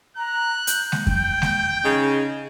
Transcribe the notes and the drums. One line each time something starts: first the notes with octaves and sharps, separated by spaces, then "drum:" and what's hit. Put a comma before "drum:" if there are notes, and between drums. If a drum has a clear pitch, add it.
A#5 F#6
G6, drum: hi-hat
drum: snare G#3
G5, drum: kick F2
drum: snare G#3
C#3 D#4 G#4